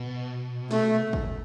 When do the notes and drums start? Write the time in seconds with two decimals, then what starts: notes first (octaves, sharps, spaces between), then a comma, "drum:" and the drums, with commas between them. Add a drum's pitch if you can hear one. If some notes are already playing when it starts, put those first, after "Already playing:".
Already playing: B2
0.71 A3, drum: snare
1.13 drum: kick G#1